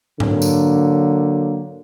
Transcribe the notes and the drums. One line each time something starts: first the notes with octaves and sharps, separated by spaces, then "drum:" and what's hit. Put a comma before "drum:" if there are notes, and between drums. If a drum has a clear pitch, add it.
D3 F#3 A#3, drum: tom G#2
drum: tambourine